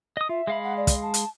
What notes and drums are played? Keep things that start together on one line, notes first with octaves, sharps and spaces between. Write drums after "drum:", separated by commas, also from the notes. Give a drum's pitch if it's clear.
D#5 D#6
F4 E5
G#3 F5 B5
F#5
D5
drum: kick, hi-hat
A5
drum: hi-hat